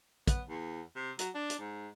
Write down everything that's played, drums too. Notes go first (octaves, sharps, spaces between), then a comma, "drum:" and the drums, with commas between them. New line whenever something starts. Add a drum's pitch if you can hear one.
B3, drum: kick, hi-hat
E2
C3
F#3, drum: hi-hat
D4
drum: hi-hat
G#2